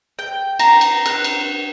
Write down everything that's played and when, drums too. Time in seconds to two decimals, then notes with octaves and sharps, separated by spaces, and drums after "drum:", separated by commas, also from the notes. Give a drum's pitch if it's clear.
0.19 G5
0.59 A#5, drum: cymbal
0.81 drum: cymbal
1.06 F#6, drum: cymbal
1.24 drum: cymbal